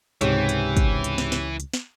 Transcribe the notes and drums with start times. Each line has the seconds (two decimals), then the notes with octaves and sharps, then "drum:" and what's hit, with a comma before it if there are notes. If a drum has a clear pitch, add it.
0.21 C#2 G#2 C3 E3 C#4 G4, drum: hi-hat
0.49 drum: hi-hat
0.77 drum: kick, hi-hat
1.04 drum: hi-hat
1.18 drum: snare
1.32 drum: snare
1.60 drum: hi-hat
1.74 drum: snare